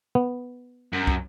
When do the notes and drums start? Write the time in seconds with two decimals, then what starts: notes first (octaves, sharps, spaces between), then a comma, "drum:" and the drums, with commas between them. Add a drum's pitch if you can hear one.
0.15 B3
0.93 F#2
1.07 drum: kick